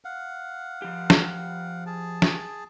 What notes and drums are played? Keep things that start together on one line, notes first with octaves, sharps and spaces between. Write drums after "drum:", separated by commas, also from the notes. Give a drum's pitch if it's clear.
F5 F#5
F3 G4
drum: snare
G#4 A5
drum: snare